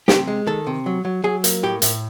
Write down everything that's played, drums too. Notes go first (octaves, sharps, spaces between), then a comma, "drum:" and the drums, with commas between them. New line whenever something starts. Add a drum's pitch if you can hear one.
C3 G4, drum: snare
G#3
D#3 A4
C3
F#3
F#3
F#3 G#4
A#3, drum: hi-hat
A2 G4
A2, drum: hi-hat